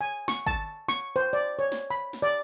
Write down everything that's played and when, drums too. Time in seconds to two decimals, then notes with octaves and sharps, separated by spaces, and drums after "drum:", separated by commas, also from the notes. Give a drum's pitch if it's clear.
0.01 G#5
0.28 C#6, drum: snare
0.47 A5, drum: kick
0.89 C#6, drum: snare
1.16 C5
1.33 D5
1.59 C#5
1.72 drum: snare
1.90 B5
2.13 drum: snare
2.22 D5